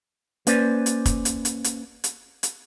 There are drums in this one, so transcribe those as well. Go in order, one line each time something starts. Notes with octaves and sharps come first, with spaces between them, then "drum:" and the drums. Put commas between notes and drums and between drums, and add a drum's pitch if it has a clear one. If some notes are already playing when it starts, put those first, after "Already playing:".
A#3 C#4 B4 C5 D5, drum: hi-hat
drum: hi-hat
drum: kick, hi-hat
drum: hi-hat
drum: hi-hat
drum: hi-hat
drum: hi-hat
drum: hi-hat